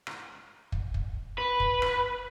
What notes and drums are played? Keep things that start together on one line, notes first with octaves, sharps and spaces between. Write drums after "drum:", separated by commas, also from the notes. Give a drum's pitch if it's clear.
drum: rim click
drum: kick
drum: kick
B4
drum: kick
drum: rim click